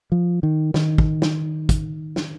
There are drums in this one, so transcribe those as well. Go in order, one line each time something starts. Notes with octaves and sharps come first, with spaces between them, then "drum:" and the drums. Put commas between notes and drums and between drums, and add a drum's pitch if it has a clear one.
F3
D#3
D#3, drum: snare
drum: kick
drum: snare
drum: kick, hi-hat
drum: snare